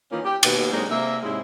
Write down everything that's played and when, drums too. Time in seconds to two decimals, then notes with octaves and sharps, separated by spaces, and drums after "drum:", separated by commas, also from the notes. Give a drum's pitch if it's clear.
0.11 D#3 E3 A#3 C#4 D#4 F4
0.25 G4
0.43 D#2 B2, drum: cymbal
0.72 F#3 G#3 A#3 C4 D4 D#4
0.91 C3 A#3 E5
1.23 G#2 C3 G#3 C#4 E4